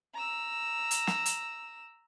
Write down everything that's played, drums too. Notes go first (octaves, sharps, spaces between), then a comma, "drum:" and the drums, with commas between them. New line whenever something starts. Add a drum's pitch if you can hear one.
A#5 E6
drum: hi-hat
drum: snare
drum: hi-hat